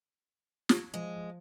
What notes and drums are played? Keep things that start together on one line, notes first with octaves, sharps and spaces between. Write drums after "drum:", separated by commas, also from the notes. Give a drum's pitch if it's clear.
drum: snare
F3 G#3